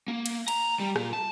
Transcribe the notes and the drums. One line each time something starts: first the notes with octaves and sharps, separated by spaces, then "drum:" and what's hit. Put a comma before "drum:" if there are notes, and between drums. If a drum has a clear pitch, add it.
A#3
drum: cymbal
A#5, drum: cymbal
G3
A#2, drum: rim click
A5